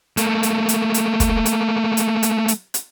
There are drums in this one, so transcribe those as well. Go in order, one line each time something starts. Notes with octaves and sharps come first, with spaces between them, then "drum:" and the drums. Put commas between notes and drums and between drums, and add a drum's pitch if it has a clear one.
A3 A#3, drum: hi-hat
drum: hi-hat
drum: hi-hat
drum: hi-hat
drum: kick, hi-hat
drum: hi-hat
drum: hi-hat
drum: hi-hat
drum: hi-hat
drum: hi-hat